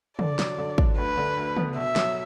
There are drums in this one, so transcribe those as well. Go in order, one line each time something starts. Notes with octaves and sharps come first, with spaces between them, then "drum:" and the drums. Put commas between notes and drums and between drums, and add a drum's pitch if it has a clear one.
D3 D5, drum: tom
F#3, drum: snare
D3
D4, drum: kick
D2 B4
D3
D2
B3, drum: tom
B2 E5
F#3, drum: snare